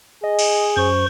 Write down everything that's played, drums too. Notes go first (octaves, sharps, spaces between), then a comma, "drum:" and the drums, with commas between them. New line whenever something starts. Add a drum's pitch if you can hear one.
G#4 D#5
drum: cymbal
F#2 C5 C#6